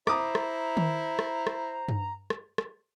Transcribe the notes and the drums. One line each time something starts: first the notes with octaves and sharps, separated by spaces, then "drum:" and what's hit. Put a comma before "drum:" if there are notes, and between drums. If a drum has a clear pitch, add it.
E4 C5 A#5 D6 D#6, drum: rim click
drum: rim click
drum: tom D#3
drum: rim click
drum: rim click
drum: tom G2
drum: rim click
drum: rim click